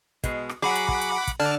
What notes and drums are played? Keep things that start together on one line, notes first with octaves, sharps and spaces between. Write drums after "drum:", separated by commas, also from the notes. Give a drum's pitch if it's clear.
B2 G#3, drum: kick, hi-hat
drum: rim click
F#3 G#4 F#5 B5 D6
drum: hi-hat
drum: kick
drum: hi-hat
drum: kick, hi-hat
D3 D5 A5 F6